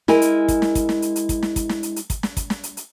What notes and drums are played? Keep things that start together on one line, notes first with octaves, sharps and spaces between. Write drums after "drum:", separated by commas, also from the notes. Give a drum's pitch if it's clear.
G#3 E4 A#4 G#5, drum: snare
drum: hi-hat
drum: kick, hi-hat
drum: snare
drum: kick, hi-hat
drum: snare
drum: hi-hat
drum: hi-hat
drum: kick, hi-hat
drum: snare
drum: kick, hi-hat
drum: snare
drum: hi-hat
drum: hi-hat
drum: kick, hi-hat
drum: snare
drum: kick, hi-hat
drum: snare
drum: hi-hat
drum: hi-hat